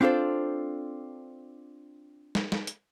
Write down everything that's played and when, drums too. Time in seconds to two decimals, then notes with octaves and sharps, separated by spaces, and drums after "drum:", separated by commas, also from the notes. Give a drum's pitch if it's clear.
0.01 C4 D4 F4 A4 C5
2.35 drum: snare
2.52 drum: snare
2.67 drum: hi-hat